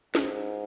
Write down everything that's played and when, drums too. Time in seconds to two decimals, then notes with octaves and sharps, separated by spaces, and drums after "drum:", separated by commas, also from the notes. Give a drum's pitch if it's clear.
0.15 G#2, drum: snare